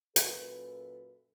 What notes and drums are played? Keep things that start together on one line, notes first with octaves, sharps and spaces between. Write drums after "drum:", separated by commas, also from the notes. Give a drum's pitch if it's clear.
F#2 A#2 A4 B4, drum: hi-hat